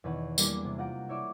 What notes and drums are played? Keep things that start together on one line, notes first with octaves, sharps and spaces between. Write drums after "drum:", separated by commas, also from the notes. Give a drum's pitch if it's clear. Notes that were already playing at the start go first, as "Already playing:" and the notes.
E2 B2 D#3 B4 C#5 F#5
G3 A#3 D4 E4 G#4, drum: tambourine
C3
F4 F#5 G5 A#5 D7
E4 C#5 D5 E5